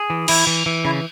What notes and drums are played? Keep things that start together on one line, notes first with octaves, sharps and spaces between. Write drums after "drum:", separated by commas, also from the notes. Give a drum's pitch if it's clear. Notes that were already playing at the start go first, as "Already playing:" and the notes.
Already playing: G#4
E3
E3 E4, drum: cymbal
E3
E3
C#3 E4